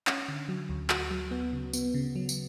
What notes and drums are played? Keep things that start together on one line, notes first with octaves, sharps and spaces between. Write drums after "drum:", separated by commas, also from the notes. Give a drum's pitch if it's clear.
C#4, drum: clap
D3
F#3
D2
F#4, drum: clap
F#3
B3
C#3
B3, drum: tambourine
C#3
F#3
drum: tambourine